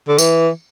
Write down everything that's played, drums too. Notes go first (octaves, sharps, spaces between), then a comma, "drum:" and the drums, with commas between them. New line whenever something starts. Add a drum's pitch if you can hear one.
D3
E3, drum: tambourine